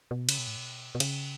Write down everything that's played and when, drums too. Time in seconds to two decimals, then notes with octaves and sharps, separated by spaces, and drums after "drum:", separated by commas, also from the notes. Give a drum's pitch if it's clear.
0.11 B2
0.29 C#3, drum: cymbal
0.38 B2
0.47 A2
0.57 B2
0.95 B2
1.00 C#3, drum: cymbal